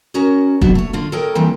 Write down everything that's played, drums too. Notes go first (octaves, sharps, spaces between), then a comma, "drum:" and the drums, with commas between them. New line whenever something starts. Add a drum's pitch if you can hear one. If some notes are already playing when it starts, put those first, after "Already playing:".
C#4 F#4 A#4 C#5 D#5
C3 F#3 B3 D4 F#4, drum: kick
A3 C#5
D3 F4 F5
A4 A#4 C#5 D#5 G5
D#2 D#3 E3 G3 C4 G5